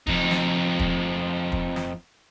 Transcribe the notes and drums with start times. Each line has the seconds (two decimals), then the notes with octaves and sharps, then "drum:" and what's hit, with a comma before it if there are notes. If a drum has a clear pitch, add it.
0.07 F2 D#4, drum: kick
0.31 drum: snare
0.79 drum: kick
1.52 drum: kick
1.76 drum: snare